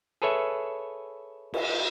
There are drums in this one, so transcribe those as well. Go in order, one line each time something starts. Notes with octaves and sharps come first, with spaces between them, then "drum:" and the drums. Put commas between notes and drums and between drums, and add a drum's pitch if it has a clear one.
G#4 A4 B4 C#5 E5
drum: cymbal